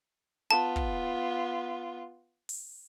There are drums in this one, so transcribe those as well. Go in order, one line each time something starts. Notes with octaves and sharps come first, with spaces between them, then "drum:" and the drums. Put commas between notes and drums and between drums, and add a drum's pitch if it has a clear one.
B3 F4 A5
drum: kick
drum: open hi-hat